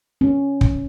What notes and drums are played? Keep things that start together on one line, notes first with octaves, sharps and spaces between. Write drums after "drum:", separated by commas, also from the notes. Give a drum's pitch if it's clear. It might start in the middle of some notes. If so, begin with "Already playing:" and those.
C#4
drum: kick